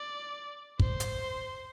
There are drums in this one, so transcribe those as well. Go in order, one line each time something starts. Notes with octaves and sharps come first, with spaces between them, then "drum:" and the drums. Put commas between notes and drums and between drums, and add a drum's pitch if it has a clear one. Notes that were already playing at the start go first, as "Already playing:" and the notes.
Already playing: D5
C5, drum: kick
drum: hi-hat